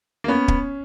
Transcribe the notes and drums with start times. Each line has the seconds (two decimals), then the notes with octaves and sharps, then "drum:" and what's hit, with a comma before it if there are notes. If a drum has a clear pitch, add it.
0.24 A#3
0.28 B3 C#4
0.48 drum: kick